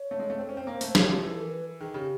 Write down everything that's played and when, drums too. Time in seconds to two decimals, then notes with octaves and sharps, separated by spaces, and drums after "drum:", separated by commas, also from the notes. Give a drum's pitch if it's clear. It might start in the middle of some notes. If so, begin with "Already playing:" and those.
Already playing: C#5
0.11 A3
0.20 G#3
0.30 A3
0.38 C4 C5
0.49 C#4
0.57 C4
0.67 A#3
0.81 A3, drum: open hi-hat
0.95 G3 C#5, drum: snare
1.04 F#3 G4
1.14 F3
1.20 E3 G#4
1.31 A4
1.42 A#4
1.52 B4
1.80 D#3 G#4
1.94 C#3 G4